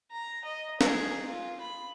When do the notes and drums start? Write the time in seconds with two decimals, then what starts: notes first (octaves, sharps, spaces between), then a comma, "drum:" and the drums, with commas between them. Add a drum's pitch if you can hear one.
0.11 A#5
0.44 D#5
0.81 G#4, drum: snare
1.25 F4
1.60 B5